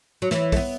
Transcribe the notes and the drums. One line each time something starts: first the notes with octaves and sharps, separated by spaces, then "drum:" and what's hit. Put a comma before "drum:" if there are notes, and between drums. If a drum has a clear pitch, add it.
F#3
E3, drum: snare
A3, drum: kick, open hi-hat
B3